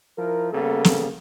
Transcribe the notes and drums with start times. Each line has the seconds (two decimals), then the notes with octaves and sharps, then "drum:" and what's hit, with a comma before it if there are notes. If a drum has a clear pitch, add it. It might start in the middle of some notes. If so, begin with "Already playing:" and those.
0.18 F3 E4 A#4
0.52 C#3 G3 A#3 B3 A4
0.84 drum: snare